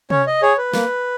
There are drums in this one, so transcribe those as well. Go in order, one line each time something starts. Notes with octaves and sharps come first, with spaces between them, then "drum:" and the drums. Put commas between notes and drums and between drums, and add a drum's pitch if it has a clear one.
C#4 C#5, drum: tom C3
D#5
G#4 C#5
B4
A#3, drum: snare